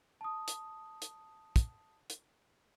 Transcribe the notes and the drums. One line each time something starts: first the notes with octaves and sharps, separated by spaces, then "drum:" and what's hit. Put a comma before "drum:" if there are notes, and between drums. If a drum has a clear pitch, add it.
A5 D#6
drum: hi-hat
drum: hi-hat
drum: kick, hi-hat
drum: hi-hat